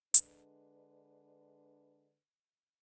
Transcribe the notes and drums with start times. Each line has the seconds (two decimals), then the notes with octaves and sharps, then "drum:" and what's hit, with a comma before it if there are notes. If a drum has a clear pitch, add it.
0.14 D3 G#3 D4 B4, drum: hi-hat